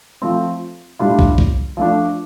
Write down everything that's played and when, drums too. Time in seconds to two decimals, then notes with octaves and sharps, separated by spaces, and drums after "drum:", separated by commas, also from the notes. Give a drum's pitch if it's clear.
0.22 F3 A3 C4
0.99 A2 G3 D4 F4
1.19 drum: kick
1.38 drum: kick
1.77 F3 A3 D4